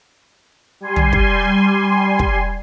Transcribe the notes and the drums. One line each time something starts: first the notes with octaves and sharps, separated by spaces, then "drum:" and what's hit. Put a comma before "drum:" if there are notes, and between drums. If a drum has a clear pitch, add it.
G3 G#5 C6
drum: tom
drum: kick
drum: kick